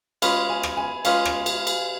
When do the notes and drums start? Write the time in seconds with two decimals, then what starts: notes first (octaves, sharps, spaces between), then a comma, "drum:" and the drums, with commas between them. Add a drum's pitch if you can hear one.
0.22 G#3 C#4 F4 B4 B5, drum: cymbal
0.49 G#5
0.63 drum: rim click
0.77 G#5
1.05 G#3 C#4 F4 B4 F5, drum: cymbal
1.25 drum: rim click
1.46 drum: cymbal
1.67 drum: cymbal